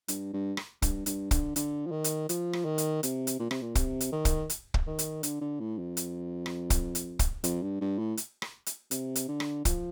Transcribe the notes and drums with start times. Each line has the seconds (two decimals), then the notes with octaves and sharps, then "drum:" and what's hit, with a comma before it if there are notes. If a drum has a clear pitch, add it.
0.08 G2, drum: hi-hat
0.33 G2
0.57 drum: rim click
0.82 G2, drum: kick, hi-hat
1.06 G2, drum: hi-hat
1.31 D3, drum: kick, hi-hat
1.56 D3, drum: hi-hat
1.87 F3
1.91 D#3
2.04 drum: hi-hat
2.29 F3, drum: hi-hat
2.53 drum: rim click
2.65 D#3
2.78 drum: hi-hat
3.03 C3, drum: hi-hat
3.27 drum: hi-hat
3.39 A#2
3.51 C3, drum: rim click
3.62 A#2
3.75 C3, drum: kick, hi-hat
4.00 drum: hi-hat
4.12 D#3
4.25 drum: kick, hi-hat
4.50 drum: hi-hat
4.74 drum: kick
4.87 D#3
4.99 drum: hi-hat
5.23 D3, drum: hi-hat
5.41 D3
5.60 A2
5.78 F2
5.97 drum: hi-hat
6.46 drum: rim click
6.70 drum: kick, hi-hat
6.95 drum: hi-hat
7.19 drum: kick, hi-hat
7.44 F2, drum: hi-hat
7.62 G2
7.81 G2
7.99 A2
8.17 drum: hi-hat
8.42 drum: rim click
8.66 drum: hi-hat
8.91 C3, drum: hi-hat
9.15 drum: hi-hat
9.28 D3
9.40 drum: rim click
9.65 F3, drum: kick, hi-hat